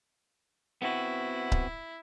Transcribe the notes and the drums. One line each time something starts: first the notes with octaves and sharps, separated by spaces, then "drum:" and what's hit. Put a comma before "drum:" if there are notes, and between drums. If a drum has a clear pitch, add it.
B3 C4 E4 F#4
drum: kick C#1